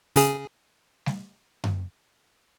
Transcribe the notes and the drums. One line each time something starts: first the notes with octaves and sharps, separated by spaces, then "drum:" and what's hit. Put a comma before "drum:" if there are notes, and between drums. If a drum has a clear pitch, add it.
C#3 G#4, drum: open hi-hat
drum: snare G3
drum: tom F#2